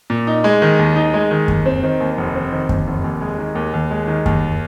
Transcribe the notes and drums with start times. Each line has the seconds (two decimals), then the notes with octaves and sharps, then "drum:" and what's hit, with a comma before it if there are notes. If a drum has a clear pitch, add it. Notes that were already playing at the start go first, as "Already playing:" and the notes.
0.10 A#2
0.27 D#4
0.44 G#3
0.62 D#3
0.79 D#2
0.96 D#4
1.14 G#3
1.31 D#3
1.48 D#2, drum: kick F#2
1.66 C4
1.83 D#3
2.00 D#2
2.18 F1
2.35 C4
2.52 D#3
2.69 D#2, drum: kick F#2
2.87 F1
3.04 D#2
3.21 G#3
3.38 D#3
3.55 D#2
3.74 D#2
3.91 G#3
4.07 D#3
4.26 D#2, drum: kick F#2